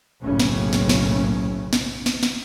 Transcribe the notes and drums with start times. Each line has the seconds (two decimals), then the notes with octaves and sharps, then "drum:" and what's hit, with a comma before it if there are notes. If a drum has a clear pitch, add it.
0.23 F#1 B1 A2 C#3 C#4
0.39 drum: snare
0.73 drum: snare
0.89 drum: snare
1.73 drum: snare
2.06 drum: snare
2.23 drum: snare